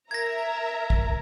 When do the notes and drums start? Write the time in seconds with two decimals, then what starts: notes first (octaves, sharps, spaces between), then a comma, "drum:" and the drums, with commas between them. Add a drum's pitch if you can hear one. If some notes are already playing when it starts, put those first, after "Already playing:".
0.11 A#4 E5 A#5 G#6 A#6
0.90 drum: kick